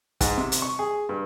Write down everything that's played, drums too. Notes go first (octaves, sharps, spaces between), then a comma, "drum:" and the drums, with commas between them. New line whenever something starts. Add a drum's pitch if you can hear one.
G#2, drum: kick, hi-hat
C3
drum: hi-hat
C#6
G#4
G2